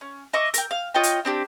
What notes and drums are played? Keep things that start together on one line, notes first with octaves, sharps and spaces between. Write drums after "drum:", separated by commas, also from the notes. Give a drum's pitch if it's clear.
C#4
D#5 E5 C#6 D6
A#4 G5, drum: hi-hat
F5
F4 C#5 D#5 G5
drum: hi-hat
C4 D4 G4